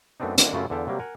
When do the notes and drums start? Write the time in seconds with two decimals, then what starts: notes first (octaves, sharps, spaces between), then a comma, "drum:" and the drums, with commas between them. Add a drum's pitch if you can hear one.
0.20 F#2 A3 B3 C4 D4 D#4
0.38 D3 D#3 A#3, drum: hi-hat
0.53 F#2 C#3 F#3 A3 E4 F4
0.70 E2 D3 A4 E5 F5 G5
0.87 C3 F#3 G3 A#3
1.00 A#4 F#5 G#5